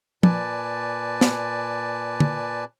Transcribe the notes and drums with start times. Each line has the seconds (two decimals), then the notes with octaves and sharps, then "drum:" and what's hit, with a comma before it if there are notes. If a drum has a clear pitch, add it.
0.23 A#2 B4 D5 G#5 A5, drum: tom
1.21 drum: snare
2.20 drum: tom